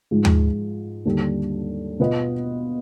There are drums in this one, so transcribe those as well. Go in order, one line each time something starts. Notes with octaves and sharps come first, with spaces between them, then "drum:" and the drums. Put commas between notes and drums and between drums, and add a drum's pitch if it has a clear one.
G#2 F3 G#3
drum: tom
D#2 D3 G3 D4 G4
B2 B3 F4 B4 D#5